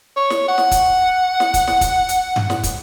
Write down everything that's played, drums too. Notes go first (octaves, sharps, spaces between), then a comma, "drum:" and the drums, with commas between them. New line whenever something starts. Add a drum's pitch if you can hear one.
C#5
drum: snare
F#5
drum: snare
drum: kick, hi-hat
drum: snare
drum: kick, hi-hat
drum: snare
drum: kick, hi-hat
drum: hi-hat
drum: tom G2
drum: snare
drum: kick, hi-hat